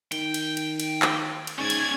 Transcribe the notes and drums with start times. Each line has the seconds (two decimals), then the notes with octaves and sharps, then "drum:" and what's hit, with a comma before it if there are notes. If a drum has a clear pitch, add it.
0.12 D#3 G5, drum: cymbal
0.34 drum: cymbal
0.57 drum: cymbal
0.80 drum: cymbal
1.02 drum: clap
1.47 drum: cymbal
1.59 G#2 C#4 D5 G#6
1.70 drum: cymbal